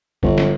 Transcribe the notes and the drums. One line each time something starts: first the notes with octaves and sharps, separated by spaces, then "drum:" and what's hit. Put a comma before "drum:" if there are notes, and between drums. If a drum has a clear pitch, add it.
G1, drum: kick G1
drum: snare